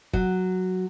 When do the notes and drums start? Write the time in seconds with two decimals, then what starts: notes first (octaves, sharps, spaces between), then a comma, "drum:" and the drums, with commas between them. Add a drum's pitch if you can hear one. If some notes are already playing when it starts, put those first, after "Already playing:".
0.13 F#3, drum: kick F#1